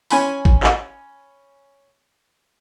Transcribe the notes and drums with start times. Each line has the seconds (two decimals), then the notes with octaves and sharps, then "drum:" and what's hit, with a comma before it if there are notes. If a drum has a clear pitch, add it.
0.10 C#4 G#5 B5 C6, drum: open hi-hat
0.45 drum: kick G#1
0.63 drum: clap